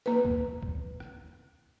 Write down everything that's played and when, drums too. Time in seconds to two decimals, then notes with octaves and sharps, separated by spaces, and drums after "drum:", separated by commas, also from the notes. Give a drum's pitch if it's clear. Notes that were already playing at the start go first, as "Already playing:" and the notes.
0.06 A#3 B4
0.25 drum: kick C2
0.63 drum: kick C2
1.00 drum: rim click